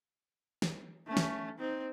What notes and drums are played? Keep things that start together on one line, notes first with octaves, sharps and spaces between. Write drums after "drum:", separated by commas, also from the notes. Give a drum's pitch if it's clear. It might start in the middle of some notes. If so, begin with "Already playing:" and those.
drum: snare
A3 C#4
drum: snare
C4 D#4